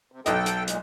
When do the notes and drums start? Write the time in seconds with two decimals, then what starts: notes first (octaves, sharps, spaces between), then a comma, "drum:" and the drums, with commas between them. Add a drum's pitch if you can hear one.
0.12 C3
0.26 B1 A4 D#5 G5, drum: hi-hat
0.46 drum: hi-hat
0.68 A#2 G#3, drum: hi-hat